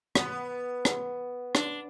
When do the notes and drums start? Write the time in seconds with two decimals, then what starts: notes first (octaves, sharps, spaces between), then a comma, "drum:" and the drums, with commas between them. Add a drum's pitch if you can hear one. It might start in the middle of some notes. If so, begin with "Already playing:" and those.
0.15 B3, drum: rim click
0.85 drum: rim click
1.55 D4, drum: rim click